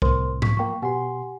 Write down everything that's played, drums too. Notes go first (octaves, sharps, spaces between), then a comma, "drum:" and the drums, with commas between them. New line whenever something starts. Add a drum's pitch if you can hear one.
C2 A2 A#4 C5 C6, drum: kick
C#6 B6, drum: tom G#2
F3 A#3 G5 C#6
B2 G4 F#5 G#5 C6